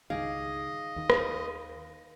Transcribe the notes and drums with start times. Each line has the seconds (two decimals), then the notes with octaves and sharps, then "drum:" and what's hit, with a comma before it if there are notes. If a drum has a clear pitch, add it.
0.10 C#2 G2 D#3 D#4 G#4 D#5 F5 D6
0.96 D#2 D#3
1.10 drum: rim click